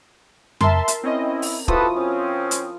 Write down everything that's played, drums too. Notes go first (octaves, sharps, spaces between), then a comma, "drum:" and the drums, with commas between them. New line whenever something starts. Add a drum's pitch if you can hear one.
A#4 E5 A5 C6, drum: tom F2
drum: hi-hat
C4 C#4 E4 D#5
drum: open hi-hat
F3 E4 F#4 G4 A4 B4 D#6, drum: kick
C4 C#4 F5
drum: hi-hat